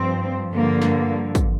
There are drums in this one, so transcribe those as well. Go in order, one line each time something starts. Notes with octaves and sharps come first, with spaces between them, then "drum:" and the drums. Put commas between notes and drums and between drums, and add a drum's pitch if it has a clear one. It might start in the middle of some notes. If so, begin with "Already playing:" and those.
Already playing: G2 F3 C4
G2 D3 F3 A#3
drum: snare
drum: kick, tambourine